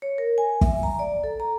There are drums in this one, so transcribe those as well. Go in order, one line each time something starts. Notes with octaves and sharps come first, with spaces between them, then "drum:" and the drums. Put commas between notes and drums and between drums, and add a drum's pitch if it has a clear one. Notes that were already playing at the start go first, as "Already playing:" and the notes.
C#5
A#4
G#5
E5, drum: kick
A#5
D5
A4
A#5